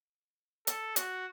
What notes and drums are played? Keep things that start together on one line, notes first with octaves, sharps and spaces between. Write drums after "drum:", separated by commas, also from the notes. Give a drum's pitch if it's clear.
A4, drum: hi-hat
F#4, drum: hi-hat